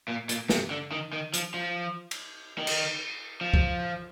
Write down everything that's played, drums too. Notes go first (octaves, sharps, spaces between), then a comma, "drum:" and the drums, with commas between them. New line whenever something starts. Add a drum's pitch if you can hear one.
A#2
A#2, drum: hi-hat
C3, drum: snare
D3
D#3
D#3
F3, drum: hi-hat
F3
drum: cymbal
D#3
drum: cymbal
F3
drum: kick C2